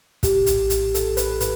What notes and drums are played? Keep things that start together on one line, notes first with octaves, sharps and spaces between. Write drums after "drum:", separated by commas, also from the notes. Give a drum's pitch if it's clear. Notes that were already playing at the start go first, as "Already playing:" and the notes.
A2 G4, drum: kick, hi-hat
A#1, drum: hi-hat
A#1, drum: hi-hat
A#1 A4, drum: hi-hat
A#1 B4, drum: hi-hat
A2 B4, drum: hi-hat